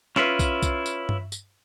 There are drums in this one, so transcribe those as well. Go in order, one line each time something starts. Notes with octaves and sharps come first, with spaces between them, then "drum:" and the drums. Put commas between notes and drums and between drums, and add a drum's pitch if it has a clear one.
C#4 E4 F4 B4, drum: snare
drum: kick B1, tambourine
drum: kick B1, tambourine
drum: tambourine
drum: tom G2
drum: tambourine